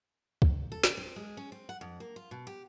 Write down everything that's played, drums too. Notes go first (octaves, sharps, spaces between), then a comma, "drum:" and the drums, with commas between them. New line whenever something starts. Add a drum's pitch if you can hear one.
drum: kick
A4
D3, drum: snare
C4
G#3
C#4
C4
F#5
F2
A#3
F4
B2
G4